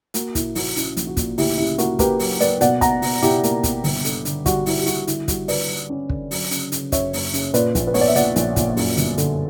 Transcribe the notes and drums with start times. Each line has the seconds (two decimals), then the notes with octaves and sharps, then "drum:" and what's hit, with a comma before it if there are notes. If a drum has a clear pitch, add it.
0.14 A#3 F#4, drum: hi-hat
0.35 A#2 E4, drum: kick, hi-hat
0.55 A#1 F#4, drum: open hi-hat
0.76 C#4 E4, drum: hi-hat
0.97 A#1, drum: hi-hat
1.07 F#4
1.17 A#2, drum: kick, hi-hat
1.38 D2 E4 G4, drum: open hi-hat
1.58 C#3 E4 G4
1.78 A#3 F#4 A#4, drum: hi-hat
1.99 A#3 G4 B4, drum: kick, hi-hat
2.19 F#3, drum: open hi-hat
2.40 A#3 B4 D5, drum: hi-hat
2.61 B2 D5 F#5, drum: hi-hat
2.81 B2 F#5 A#5, drum: kick, hi-hat
3.02 B2, drum: open hi-hat
3.22 B2 E4 G4, drum: hi-hat
3.43 A#3, drum: hi-hat
3.63 B2, drum: kick, hi-hat
3.84 G1, drum: open hi-hat
4.05 D3, drum: hi-hat
4.25 D3, drum: hi-hat
4.46 G3 F#4, drum: kick, hi-hat
4.66 G3 E4, drum: open hi-hat
4.80 G4
4.86 G3 F#4, drum: hi-hat
5.07 D3 E4, drum: hi-hat
5.28 G3 F#4, drum: kick, hi-hat
5.48 D3 B4 D5, drum: open hi-hat
5.68 G3
5.90 C#4
6.10 D3, drum: kick
6.31 F#3, drum: open hi-hat
6.51 C#3, drum: hi-hat
6.72 C#3, drum: hi-hat
6.92 F#2 C#5 E5, drum: kick, hi-hat
7.13 F#1, drum: open hi-hat
7.34 C#3, drum: hi-hat
7.54 A#2 B4 D5, drum: hi-hat
7.75 A#1, drum: kick, hi-hat
7.87 B4
7.94 B3 C#5, drum: open hi-hat
8.01 D5
8.08 E5
8.16 A#2 D5 F#5, drum: hi-hat
8.36 A#1, drum: hi-hat
8.56 A#2, drum: kick, hi-hat
8.77 F#2, drum: open hi-hat
8.97 G1, drum: hi-hat
9.18 D3, drum: hi-hat